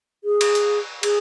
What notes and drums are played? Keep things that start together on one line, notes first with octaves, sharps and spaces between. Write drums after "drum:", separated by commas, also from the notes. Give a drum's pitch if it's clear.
G#4
drum: cymbal
drum: hi-hat
G#4, drum: cymbal